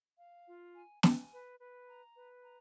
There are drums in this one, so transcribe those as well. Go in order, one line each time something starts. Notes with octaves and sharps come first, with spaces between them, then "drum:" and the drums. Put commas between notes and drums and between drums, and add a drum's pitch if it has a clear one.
F5
F4
G#5
G#5, drum: snare
B4
B4
A#5
B4
A#5